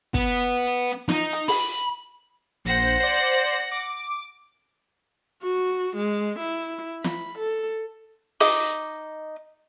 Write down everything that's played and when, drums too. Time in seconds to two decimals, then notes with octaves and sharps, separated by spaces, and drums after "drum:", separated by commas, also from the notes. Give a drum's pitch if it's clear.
0.14 B3, drum: kick
1.09 D#4, drum: snare
1.33 drum: hi-hat
1.49 B5, drum: open hi-hat
2.65 A#1 C5 F#5 A#6
3.00 C5 D5
3.71 D6
5.42 F#4
5.97 G#3
6.39 E4
7.04 B5, drum: snare
7.38 A4
8.40 D#4 D#5 D6, drum: open hi-hat